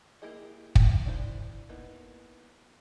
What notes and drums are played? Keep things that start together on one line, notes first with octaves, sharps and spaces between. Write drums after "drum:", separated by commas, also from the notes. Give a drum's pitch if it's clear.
A#3 E4 G4 G#4 D#5
drum: kick
D4 E4 C5
A#3 B3 D#4 E4